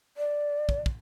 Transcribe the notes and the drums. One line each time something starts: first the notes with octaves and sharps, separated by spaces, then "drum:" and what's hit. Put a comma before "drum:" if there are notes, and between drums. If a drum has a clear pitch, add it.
D5
drum: kick
drum: kick